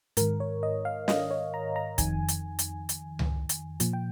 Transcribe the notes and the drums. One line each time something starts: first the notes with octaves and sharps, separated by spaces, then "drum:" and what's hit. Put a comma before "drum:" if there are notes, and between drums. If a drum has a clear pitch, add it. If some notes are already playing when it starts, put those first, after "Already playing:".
G#2 D#3 A#4, drum: hi-hat
C#5
D#5
F5
D#5, drum: snare
C#5
A#5
A#5
F2 D#3 G#5, drum: kick, hi-hat
drum: hi-hat
drum: hi-hat
drum: hi-hat
drum: tom C#2
drum: hi-hat
A#2 F3, drum: hi-hat
G5